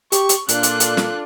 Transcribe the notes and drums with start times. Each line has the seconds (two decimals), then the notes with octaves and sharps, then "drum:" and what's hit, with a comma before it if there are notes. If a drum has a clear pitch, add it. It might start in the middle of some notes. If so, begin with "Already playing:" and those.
0.12 G4 C#6, drum: hi-hat
0.29 drum: hi-hat
0.49 A#2 D4 F4 A4 F#6, drum: hi-hat
0.63 drum: hi-hat
0.80 drum: hi-hat
0.97 drum: snare